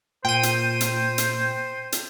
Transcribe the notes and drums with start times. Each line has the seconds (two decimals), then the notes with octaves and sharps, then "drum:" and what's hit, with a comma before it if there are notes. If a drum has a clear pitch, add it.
0.25 A#2 C5 G5 D#7
0.43 drum: hi-hat
0.81 drum: hi-hat
1.18 drum: hi-hat
1.92 drum: hi-hat